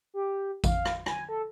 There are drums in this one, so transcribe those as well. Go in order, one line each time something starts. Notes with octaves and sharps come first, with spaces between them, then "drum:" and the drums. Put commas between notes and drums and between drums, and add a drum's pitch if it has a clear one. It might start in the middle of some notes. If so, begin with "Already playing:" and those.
G4
F5, drum: kick A1, tambourine
drum: rim click
G#5, drum: rim click
A4